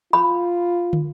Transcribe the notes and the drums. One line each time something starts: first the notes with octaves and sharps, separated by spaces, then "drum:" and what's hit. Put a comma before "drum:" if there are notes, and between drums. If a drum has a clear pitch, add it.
F4 B5
drum: tom